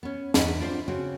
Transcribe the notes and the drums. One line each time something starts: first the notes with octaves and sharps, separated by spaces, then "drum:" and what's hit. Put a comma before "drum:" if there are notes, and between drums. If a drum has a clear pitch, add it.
B3 C#4
E2 G2 D4 D#4 B4 F#5, drum: snare
D4 F4 C5 D5
C#3 C4 C#4 F#4